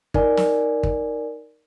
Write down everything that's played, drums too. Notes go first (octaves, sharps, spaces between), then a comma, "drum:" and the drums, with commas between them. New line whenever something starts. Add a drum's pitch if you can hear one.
D#4 A#4 D5 G#5, drum: kick
drum: snare
drum: kick